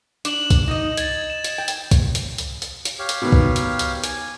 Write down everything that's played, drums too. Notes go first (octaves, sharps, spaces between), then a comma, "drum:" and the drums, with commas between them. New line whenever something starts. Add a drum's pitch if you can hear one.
D4 E7 F#7, drum: hi-hat
drum: kick, hi-hat
D#4 D#5
G#6 A6, drum: hi-hat
E7
drum: hi-hat
G5
drum: hi-hat
drum: kick, hi-hat
drum: hi-hat
drum: hi-hat
drum: hi-hat
drum: hi-hat
G4 C#5 F5
drum: hi-hat
B2 D#3 B3
drum: kick
drum: hi-hat
drum: hi-hat
G#5, drum: hi-hat